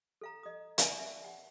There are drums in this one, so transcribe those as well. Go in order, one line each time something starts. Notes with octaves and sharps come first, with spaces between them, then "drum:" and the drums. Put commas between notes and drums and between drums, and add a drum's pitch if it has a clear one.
A4 F5 A#5
D#5 D#6
D5 E5 G#5, drum: hi-hat
E5
F#5